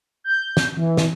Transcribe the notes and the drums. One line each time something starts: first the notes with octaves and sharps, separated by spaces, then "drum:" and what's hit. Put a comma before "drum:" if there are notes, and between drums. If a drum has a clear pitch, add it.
G6
drum: snare
E3
drum: snare